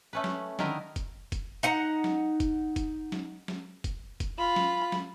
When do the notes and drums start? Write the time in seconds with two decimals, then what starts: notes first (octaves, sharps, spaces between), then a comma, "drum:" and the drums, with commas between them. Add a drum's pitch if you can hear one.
0.13 A3 C#4 B4
0.24 drum: snare
0.59 D3 D#3 E4 A#4 D#5 E5, drum: snare
0.96 drum: kick F1, hi-hat
1.32 drum: kick F1, hi-hat
1.63 D#4 F#5 A#5
2.04 drum: snare
2.40 drum: kick F1, hi-hat
2.76 drum: kick F1, hi-hat
3.12 drum: snare
3.48 drum: snare
3.84 drum: kick F1, hi-hat
4.20 drum: kick F1, hi-hat
4.38 F4 B5
4.56 drum: snare
4.92 drum: snare